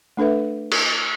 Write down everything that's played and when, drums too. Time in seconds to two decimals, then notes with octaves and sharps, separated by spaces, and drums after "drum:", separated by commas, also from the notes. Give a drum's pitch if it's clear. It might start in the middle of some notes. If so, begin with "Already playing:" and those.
0.17 A3 D4 A4 B4 E5
0.72 drum: cymbal